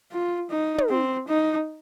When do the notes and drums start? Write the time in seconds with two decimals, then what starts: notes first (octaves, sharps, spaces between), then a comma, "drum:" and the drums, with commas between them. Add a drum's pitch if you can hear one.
0.12 F4
0.50 D#4
0.78 drum: tom
0.90 C4
1.28 D#4